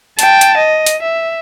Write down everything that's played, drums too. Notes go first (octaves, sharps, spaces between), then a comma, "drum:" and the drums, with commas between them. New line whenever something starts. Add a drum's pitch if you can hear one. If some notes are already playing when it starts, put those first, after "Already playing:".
G5 A5, drum: hi-hat
drum: hi-hat
D#5
drum: hi-hat
E5